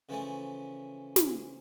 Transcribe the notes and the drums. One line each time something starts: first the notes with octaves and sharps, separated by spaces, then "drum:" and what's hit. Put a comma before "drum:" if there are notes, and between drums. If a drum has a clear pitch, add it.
C#3 E3 F3 A3 C#4
drum: snare